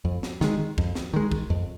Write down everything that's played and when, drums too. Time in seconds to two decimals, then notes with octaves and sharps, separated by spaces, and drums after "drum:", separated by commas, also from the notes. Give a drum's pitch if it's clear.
0.05 F2
0.23 drum: snare
0.41 D#3 G#3, drum: snare
0.78 F2, drum: kick
0.95 drum: snare
1.14 D#3 G#3
1.32 drum: kick
1.50 F2